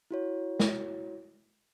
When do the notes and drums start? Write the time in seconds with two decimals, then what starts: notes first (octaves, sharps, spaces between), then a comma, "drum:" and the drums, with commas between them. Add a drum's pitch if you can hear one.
0.11 E4 F#4 C#5
0.60 drum: snare